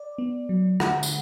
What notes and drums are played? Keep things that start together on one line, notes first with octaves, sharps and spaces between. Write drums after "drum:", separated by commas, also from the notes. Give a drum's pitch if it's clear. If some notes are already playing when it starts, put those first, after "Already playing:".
Already playing: D5
B3
F#3
D3 F#5, drum: rim click
drum: tambourine